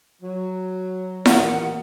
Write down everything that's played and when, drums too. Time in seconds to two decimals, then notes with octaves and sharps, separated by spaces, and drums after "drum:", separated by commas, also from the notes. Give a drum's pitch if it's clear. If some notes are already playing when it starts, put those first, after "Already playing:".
0.23 F#3
1.26 A1 D#2 A#2 D#4 F#5, drum: snare E4